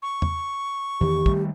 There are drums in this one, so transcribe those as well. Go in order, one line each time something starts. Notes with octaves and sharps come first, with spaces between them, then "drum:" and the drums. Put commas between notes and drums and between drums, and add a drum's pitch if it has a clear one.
C#6
drum: tom E2
E2 D#3 G4
D#3 G3 A3, drum: kick